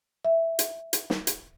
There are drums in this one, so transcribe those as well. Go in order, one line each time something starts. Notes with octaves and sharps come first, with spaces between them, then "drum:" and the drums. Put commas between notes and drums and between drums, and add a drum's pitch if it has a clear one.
E5
drum: hi-hat
drum: hi-hat
drum: snare
drum: hi-hat